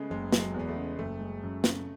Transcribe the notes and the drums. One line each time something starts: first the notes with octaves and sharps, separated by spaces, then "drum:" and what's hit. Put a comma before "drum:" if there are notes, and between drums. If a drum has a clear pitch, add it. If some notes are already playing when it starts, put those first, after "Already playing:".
Already playing: C#3 G#3 A3 B3 G#4
F#1 G#3
F#3, drum: snare
G#3
E2 B3
A3
C#3
F#1 A3
G#3
F#2
C#3, drum: snare